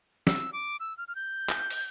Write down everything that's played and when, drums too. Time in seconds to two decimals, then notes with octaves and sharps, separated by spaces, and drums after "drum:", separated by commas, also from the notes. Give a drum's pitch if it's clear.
0.27 E6, drum: snare
0.53 D6
0.80 E6
0.98 F6
1.08 F6
1.15 G6
1.49 drum: clap
1.70 drum: open hi-hat